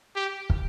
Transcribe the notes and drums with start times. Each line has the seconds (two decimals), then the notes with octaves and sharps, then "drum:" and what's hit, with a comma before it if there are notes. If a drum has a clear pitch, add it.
0.15 G4
0.50 drum: kick